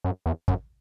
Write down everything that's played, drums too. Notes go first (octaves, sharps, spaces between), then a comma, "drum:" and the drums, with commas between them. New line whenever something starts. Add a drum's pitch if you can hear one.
F#2
E2
F#2, drum: kick